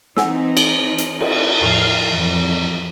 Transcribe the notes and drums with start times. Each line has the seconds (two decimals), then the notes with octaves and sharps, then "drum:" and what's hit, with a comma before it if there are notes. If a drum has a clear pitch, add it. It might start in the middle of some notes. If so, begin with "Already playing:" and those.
0.17 E3 C4 D#4 F#5 G#5 E6, drum: snare
0.57 drum: cymbal
0.98 drum: hi-hat
1.21 drum: cymbal
1.61 E2 A2 F3 F5
2.12 F2 E3 F#3